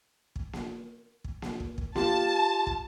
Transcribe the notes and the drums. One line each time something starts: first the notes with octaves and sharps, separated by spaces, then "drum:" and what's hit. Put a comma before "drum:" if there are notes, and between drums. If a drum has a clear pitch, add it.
drum: kick
drum: snare A#3
drum: kick
drum: snare A#3
drum: kick
drum: kick
F4 G4 A5, drum: snare A#3
drum: kick